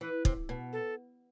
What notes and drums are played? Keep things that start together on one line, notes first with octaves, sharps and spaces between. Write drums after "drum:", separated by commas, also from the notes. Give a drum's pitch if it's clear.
E3 B4
C3, drum: kick
B2
A4